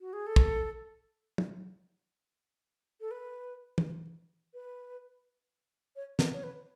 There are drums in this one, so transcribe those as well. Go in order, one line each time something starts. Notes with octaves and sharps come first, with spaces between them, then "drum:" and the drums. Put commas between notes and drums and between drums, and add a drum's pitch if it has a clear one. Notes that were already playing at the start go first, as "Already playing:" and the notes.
F#4
G#4
A4
drum: kick
drum: tom
A4
B4
drum: tom
B4
C#5
B4, drum: snare
C#5
B4